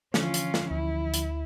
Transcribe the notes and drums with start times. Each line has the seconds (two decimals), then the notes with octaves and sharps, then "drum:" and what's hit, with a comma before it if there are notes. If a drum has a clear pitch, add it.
0.14 D3 E3 F3 C#4 F4, drum: snare
0.34 drum: hi-hat
0.54 drum: snare
0.71 D2 E4
1.14 drum: hi-hat